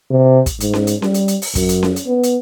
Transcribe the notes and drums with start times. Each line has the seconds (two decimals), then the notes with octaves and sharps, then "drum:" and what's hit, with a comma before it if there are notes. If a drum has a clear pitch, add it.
0.11 C3
0.46 drum: kick, hi-hat
0.61 G#2, drum: hi-hat
0.73 drum: snare C#4
0.87 drum: hi-hat
1.02 G3, drum: snare C#4
1.14 drum: hi-hat
1.28 drum: hi-hat
1.42 drum: open hi-hat
1.55 F#2, drum: kick, hi-hat
1.69 drum: hi-hat
1.83 drum: snare C#4
1.96 drum: hi-hat
2.07 B3
2.24 drum: hi-hat